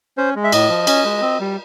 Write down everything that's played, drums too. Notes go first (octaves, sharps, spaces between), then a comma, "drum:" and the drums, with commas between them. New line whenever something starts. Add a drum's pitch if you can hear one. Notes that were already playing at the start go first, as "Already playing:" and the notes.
C#4 C5
G#3
E5
A2 D#5, drum: cymbal
F3
C#4, drum: cymbal
G#3
C4
G3